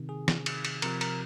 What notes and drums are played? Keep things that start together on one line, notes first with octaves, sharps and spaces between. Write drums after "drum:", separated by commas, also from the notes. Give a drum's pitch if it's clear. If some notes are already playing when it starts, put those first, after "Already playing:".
Already playing: C3 D#3
G#4
drum: snare
drum: cymbal
drum: cymbal
C3 F3 A#4, drum: cymbal
A#4, drum: cymbal